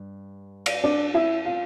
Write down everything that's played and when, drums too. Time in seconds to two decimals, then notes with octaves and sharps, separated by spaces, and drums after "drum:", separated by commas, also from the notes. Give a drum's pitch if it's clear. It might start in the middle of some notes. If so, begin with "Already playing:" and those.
Already playing: G2
0.66 drum: cymbal
0.84 D4 D5
1.14 E4 E5
1.45 F4 F5